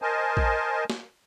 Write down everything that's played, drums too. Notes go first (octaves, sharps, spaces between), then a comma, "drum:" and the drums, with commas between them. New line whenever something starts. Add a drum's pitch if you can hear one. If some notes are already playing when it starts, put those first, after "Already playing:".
A#4 C5 D#5 G#5 A5
drum: kick A1
drum: snare